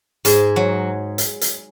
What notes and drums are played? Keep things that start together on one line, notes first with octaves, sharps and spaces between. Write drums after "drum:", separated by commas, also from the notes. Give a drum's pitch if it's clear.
G#2 G#4, drum: hi-hat
F#3
drum: hi-hat
drum: hi-hat